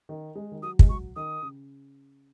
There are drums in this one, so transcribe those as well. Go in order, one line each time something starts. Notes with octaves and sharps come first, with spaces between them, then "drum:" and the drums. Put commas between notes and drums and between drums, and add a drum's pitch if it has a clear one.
D#3
G#3
D#3
F#3 D#6
G#3, drum: kick
F#3 C#6
D#3 D#6
C#3